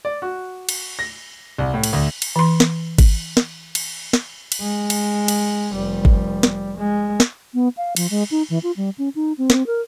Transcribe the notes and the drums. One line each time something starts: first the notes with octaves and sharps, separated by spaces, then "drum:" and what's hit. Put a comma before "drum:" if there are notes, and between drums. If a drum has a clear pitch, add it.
D5
F#4
drum: cymbal
A#6
C2
A2
drum: cymbal
D2
drum: cymbal
E3 C6
drum: snare
drum: kick, cymbal
drum: snare
drum: cymbal
drum: snare
drum: cymbal
G#3
drum: cymbal
drum: cymbal
F1 G3
drum: kick
drum: snare
G#3
drum: snare
B3
F5
F3, drum: cymbal
G#3
D#4
E3
F4
G3
C#4
D#4
C4
drum: snare
A#4